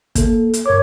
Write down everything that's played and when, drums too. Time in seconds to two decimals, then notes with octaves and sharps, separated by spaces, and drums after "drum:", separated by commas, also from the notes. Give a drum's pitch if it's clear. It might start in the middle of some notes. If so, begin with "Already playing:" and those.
0.15 A#3 A4, drum: kick, hi-hat
0.54 drum: hi-hat
0.66 G2 A#4 C#5 D6